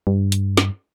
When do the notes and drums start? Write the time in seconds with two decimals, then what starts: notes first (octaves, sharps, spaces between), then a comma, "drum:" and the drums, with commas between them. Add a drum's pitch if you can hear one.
0.07 G2
0.32 drum: hi-hat
0.57 drum: snare